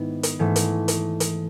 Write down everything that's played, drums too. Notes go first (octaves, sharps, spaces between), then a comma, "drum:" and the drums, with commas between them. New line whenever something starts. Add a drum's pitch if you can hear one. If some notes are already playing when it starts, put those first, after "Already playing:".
Already playing: G#2 D#3 B3 E4
drum: hi-hat
G#2 E3 A3
drum: hi-hat
drum: hi-hat
drum: hi-hat